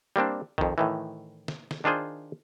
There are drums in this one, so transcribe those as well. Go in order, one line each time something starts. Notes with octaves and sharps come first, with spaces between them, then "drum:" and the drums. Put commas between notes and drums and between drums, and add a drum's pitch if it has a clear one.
G3 A#3 C4 D4
F2 D#3, drum: kick
A2 D#3 E3
drum: snare
drum: snare
D#3 D4 F4 G#4 C5